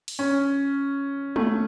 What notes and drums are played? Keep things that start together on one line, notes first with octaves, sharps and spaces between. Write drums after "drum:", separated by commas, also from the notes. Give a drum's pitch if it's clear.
drum: open hi-hat
C#4
A3, drum: tom